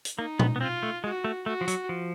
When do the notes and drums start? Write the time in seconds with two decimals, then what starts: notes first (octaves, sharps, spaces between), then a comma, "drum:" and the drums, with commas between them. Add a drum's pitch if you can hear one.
0.05 drum: hi-hat
0.18 A#3 D#4
0.39 B3, drum: tom A#2
0.56 B3
0.61 C4 F4
0.83 A3
1.04 G#3 F#4
1.24 A3
1.46 A3 F#4
1.61 F3
1.68 F#3, drum: hi-hat
1.89 F3